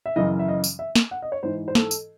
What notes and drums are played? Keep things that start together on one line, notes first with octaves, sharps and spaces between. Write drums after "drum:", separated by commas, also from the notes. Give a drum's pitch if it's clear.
E5
F#2 C#3 E3 D#5
E5
D#5
drum: tambourine
E5
drum: snare
F#5
D#5
C#5
G#2 E3 C5
C5
A4, drum: snare
drum: tambourine